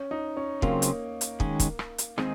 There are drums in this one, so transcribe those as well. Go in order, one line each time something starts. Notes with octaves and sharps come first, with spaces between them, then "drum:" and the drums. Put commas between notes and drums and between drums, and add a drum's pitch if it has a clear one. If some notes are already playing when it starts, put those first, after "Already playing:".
Already playing: C#4
D#4
C#4
C#3 F#3 A#3 C4 F4, drum: kick
drum: hi-hat
drum: hi-hat
D#3 G#3 C#4, drum: kick
drum: kick, hi-hat
drum: rim click
drum: hi-hat
D#3 G#3 C4 D#4 G#4, drum: rim click